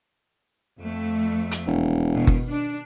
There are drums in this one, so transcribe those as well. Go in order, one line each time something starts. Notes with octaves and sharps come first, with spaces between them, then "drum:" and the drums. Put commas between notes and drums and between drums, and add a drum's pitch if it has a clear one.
F2 A3
drum: hi-hat
E1
B2 D#3
drum: kick F#1
D4